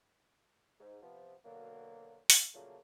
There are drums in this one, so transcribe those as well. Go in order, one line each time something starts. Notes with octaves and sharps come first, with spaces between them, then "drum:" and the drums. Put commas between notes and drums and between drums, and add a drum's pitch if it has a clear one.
G#2
C3 F3 B3
B2 D3 F#3 A#3
drum: open hi-hat
A#2 C#3 F3 F#3 A3 A#3